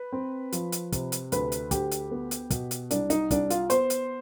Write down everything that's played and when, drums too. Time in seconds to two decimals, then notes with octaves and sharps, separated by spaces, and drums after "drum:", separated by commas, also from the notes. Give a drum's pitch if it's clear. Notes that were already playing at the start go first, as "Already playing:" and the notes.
Already playing: B4
0.12 C4
0.52 F3, drum: hi-hat
0.72 drum: hi-hat
0.92 C3, drum: kick, hi-hat
1.12 drum: hi-hat
1.32 D2 B4, drum: hi-hat
1.52 drum: hi-hat
1.71 D2 G4, drum: kick, hi-hat
1.91 drum: hi-hat
2.11 B3
2.31 drum: hi-hat
2.50 B2, drum: kick, hi-hat
2.71 drum: hi-hat
2.91 C2 D4, drum: hi-hat
3.10 D#4, drum: hi-hat
3.31 C2 D4, drum: kick, hi-hat
3.50 F4, drum: hi-hat
3.70 B3 C5, drum: hi-hat
3.90 drum: hi-hat